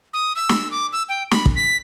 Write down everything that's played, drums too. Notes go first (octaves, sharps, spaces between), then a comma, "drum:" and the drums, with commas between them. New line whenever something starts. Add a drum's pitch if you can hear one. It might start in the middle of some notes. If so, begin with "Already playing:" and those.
D#6
E6
drum: snare
D6
E6
G5
B5, drum: snare
drum: kick
B6